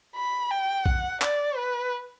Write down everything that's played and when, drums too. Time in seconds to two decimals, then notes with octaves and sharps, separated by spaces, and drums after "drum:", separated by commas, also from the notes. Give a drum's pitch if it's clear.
0.16 B5
0.51 G5
0.86 F#5, drum: kick A#1
1.22 D5, drum: clap
1.57 B4